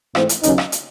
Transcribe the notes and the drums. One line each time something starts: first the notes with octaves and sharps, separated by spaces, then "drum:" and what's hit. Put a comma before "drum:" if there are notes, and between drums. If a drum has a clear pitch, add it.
G#2 E3 A3 C4, drum: rim click
drum: hi-hat
D#2 C#3 F#3 B3 C#4 D#4, drum: hi-hat
drum: rim click
drum: hi-hat